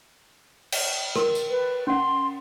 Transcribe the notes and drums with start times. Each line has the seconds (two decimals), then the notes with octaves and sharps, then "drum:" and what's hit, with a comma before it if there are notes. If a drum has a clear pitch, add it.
0.72 drum: cymbal
1.16 A#4 C6, drum: rim click
1.35 drum: tambourine
1.49 B4
1.87 C#4 F#5 C6